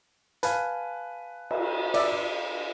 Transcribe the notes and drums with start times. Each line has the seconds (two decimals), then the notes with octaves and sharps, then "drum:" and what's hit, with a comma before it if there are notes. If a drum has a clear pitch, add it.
0.43 B4 F5 G#5 A5, drum: hi-hat
1.51 drum: cymbal
1.94 D5 E5, drum: cymbal